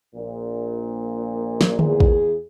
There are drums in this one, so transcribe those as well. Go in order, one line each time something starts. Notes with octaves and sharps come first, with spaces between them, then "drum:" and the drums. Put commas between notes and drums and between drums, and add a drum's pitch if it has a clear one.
A#1 A#2
drum: snare
E2 G#4, drum: tom D3
drum: kick